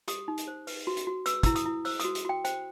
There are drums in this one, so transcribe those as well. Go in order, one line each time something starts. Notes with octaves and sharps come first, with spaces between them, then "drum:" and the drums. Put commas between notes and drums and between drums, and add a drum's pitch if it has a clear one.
G4 D#6, drum: hi-hat
D#4
drum: hi-hat
C5
B4, drum: open hi-hat
F#4
drum: hi-hat
F#4
B4 E6, drum: hi-hat
E4 E6, drum: kick, hi-hat
D#6, drum: hi-hat
E4
C5 E6, drum: open hi-hat
F#4 D#6, drum: hi-hat
drum: hi-hat
F#4 G5
C5 G5, drum: hi-hat